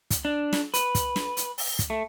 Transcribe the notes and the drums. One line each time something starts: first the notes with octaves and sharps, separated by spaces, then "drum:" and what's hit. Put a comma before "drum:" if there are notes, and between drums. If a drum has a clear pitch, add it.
drum: kick, hi-hat
D4
drum: snare
B4, drum: hi-hat
drum: kick, hi-hat
drum: snare
drum: hi-hat
drum: open hi-hat
drum: kick, hi-hat
A3